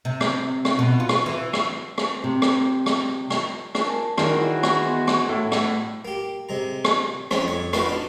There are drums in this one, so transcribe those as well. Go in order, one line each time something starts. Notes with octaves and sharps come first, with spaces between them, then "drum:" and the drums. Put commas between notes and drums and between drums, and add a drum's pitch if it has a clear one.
C3
drum: rim click
drum: rim click
B2
F4
drum: rim click
E3
drum: rim click
drum: rim click
C3
drum: rim click
drum: rim click
drum: rim click
drum: rim click
A#4 G#5 A5
D#3 E3 G#3 E4 F#4 C#5 D5, drum: rim click
drum: rim click
B3 C6
drum: rim click
A2 A3 F#5
drum: rim click
A#3 G4
C3 G#3 A#5
drum: rim click
F3 G#3 C4 C#4, drum: rim click
F2 C#5
F4 F#4 A#4 B4 F5 A#5, drum: rim click
D4 D#4